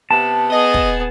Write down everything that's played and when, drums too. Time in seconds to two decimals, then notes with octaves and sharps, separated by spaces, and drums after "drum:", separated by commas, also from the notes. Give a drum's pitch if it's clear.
0.11 C3 B3 A5
0.50 B3 G#4 D#5
0.74 drum: kick